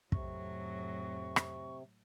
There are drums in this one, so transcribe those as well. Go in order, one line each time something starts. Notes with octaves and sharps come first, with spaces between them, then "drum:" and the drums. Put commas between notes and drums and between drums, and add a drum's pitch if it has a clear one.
F2 A2 C3 F#3 C#6, drum: kick
drum: rim click